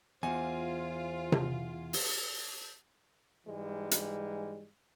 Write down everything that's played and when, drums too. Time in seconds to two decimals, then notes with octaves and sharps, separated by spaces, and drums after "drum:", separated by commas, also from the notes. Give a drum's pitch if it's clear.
0.23 E2 F4 C5 G#5
1.32 drum: tom C3
1.93 drum: open hi-hat
3.46 G#2 E3 G3 G#3
3.91 drum: hi-hat